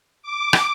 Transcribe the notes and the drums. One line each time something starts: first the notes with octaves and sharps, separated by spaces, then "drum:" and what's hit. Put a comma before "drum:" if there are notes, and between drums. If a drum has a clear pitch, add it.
D6
drum: rim click